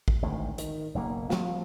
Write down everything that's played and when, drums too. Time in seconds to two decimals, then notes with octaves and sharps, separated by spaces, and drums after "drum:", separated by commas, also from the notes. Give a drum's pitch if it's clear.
0.08 drum: kick A1
0.22 G#1 D2 A2 D#3
0.58 D#3, drum: hi-hat
0.95 F#1 B1 B2 A#3
1.30 F3 G3 A3 C4, drum: snare